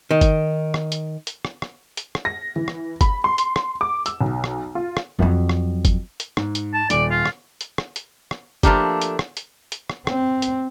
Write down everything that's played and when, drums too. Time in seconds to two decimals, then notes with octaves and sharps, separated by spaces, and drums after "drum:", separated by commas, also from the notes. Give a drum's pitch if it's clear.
0.11 D#3
0.21 drum: kick G1, hi-hat
0.74 drum: rim click
0.92 drum: hi-hat
1.27 drum: hi-hat
1.45 drum: rim click
1.62 drum: rim click
1.97 drum: hi-hat
2.15 drum: rim click
2.25 A#6
2.56 E3
2.68 drum: rim click
3.01 B5, drum: kick G1, hi-hat
3.24 C6
3.38 drum: hi-hat
3.56 drum: rim click
3.81 D6
4.06 E6, drum: hi-hat
4.21 B1
4.44 drum: rim click
4.75 F4
4.97 drum: rim click
5.19 F2 F#3
5.49 drum: rim click
5.85 drum: kick G1, hi-hat
6.20 drum: hi-hat
6.37 G#2, drum: rim click
6.55 drum: hi-hat
6.74 A5
6.90 D#1 D5, drum: hi-hat
7.11 F4
7.25 drum: rim click
7.61 drum: hi-hat
7.78 drum: rim click
7.96 drum: hi-hat
8.31 drum: rim click
8.63 F3 F#3 A3 A#3 D4 G4, drum: kick G1, hi-hat
9.02 drum: hi-hat
9.19 drum: rim click
9.37 drum: hi-hat
9.72 drum: hi-hat
9.90 drum: rim click
10.07 C4, drum: rim click
10.42 drum: hi-hat